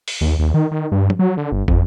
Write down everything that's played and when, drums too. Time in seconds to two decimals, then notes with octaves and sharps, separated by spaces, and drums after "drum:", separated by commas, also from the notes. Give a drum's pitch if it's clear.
0.08 drum: open hi-hat
0.21 D#2
0.39 D#2
0.54 D#3
0.71 D#3
0.92 G2
1.10 drum: tom F3
1.19 F#3
1.37 D3
1.52 G1
1.68 F2, drum: kick